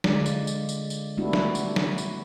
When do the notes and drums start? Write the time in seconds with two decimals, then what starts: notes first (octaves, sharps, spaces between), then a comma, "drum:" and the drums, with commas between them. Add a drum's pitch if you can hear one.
0.04 D3 G#3 F4 D5, drum: snare
0.26 drum: tambourine
0.47 drum: tambourine
0.69 drum: tambourine
0.90 drum: tambourine
1.17 G3 A3 B3 D4 E4 F#4
1.33 drum: snare
1.55 drum: tambourine
1.76 drum: snare
1.98 drum: tambourine